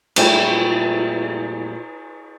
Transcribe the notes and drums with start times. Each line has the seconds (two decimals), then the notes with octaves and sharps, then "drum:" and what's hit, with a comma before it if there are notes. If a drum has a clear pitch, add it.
0.16 F2 A#2 F#3 G3 A3 E4, drum: cymbal